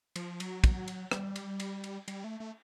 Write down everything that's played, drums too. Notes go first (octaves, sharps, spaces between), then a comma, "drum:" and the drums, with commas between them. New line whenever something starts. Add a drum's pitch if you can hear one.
F3, drum: cymbal
F#3, drum: cymbal
drum: kick, cymbal
drum: cymbal
G3, drum: rim click
drum: cymbal
drum: cymbal
drum: cymbal
G3, drum: cymbal
A3
A3